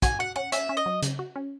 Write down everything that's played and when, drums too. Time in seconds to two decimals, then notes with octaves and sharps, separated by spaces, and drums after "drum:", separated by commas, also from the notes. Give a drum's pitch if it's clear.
0.02 F#4 G#5, drum: kick, hi-hat
0.19 F#4 F#5
0.36 C#4 F#5
0.52 C#4 E5, drum: hi-hat
0.69 C#4
0.77 D#5
0.86 F#3
1.02 C#3, drum: hi-hat
1.19 F#4
1.36 C#4